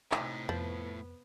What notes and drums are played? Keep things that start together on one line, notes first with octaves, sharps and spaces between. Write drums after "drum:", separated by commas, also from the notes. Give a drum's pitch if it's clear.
A2 C3 D#4, drum: clap
F2 F3 B3